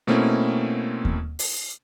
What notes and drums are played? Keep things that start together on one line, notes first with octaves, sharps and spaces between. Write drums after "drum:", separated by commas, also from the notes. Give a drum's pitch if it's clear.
B2 A3 A#3 C4 C#4 E4
drum: kick D#2
drum: open hi-hat